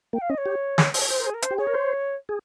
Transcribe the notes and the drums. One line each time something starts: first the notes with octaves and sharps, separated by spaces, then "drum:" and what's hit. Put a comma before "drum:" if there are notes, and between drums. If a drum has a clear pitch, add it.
A#3 G5
F5
C#4 D#5
C#5
G4
G#4, drum: snare
C5, drum: open hi-hat
C#5
C5
A#4
G#4
A#4
C5, drum: hi-hat
G4
G#4 C#5
A#4
C5
G#4